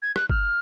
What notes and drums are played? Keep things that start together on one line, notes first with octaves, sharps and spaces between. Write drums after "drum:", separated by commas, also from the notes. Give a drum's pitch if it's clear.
G#6
F#6, drum: rim click
F6, drum: kick G1